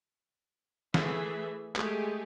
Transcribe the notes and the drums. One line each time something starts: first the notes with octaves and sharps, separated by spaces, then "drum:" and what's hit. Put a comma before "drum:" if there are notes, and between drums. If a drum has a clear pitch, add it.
E3 A3 G#4 E5, drum: snare
G#3 A3 G4 G#4, drum: clap